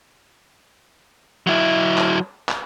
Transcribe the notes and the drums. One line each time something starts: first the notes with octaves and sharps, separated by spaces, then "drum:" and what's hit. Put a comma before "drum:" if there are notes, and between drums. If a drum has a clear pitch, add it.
F#3 E4
drum: clap
drum: clap